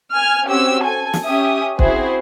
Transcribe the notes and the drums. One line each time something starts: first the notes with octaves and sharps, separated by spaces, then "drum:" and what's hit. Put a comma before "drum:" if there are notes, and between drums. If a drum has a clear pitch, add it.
G#5 F6
C4 C#4 F#4 G4 E6
A4 G#5
drum: snare
C#4 G4 E5 D#6
C4 E4 F#4 G#4 C5, drum: kick